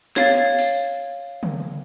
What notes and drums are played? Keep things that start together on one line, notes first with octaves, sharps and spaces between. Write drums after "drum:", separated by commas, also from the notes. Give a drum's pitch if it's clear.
C#5 F5 A6, drum: snare
drum: open hi-hat
drum: tom